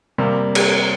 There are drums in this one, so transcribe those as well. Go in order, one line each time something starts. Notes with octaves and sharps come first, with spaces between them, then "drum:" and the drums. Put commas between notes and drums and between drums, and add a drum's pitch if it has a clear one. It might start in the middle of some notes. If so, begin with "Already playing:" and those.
C3 G3 A#3
drum: cymbal